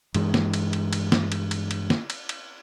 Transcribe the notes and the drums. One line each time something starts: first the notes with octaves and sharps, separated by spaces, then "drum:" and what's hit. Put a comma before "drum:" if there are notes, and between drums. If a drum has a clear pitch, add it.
G2 E3 G#3, drum: cymbal
drum: snare
drum: cymbal
drum: cymbal
drum: cymbal
drum: snare
drum: cymbal
drum: cymbal
drum: cymbal
drum: snare
drum: cymbal
drum: cymbal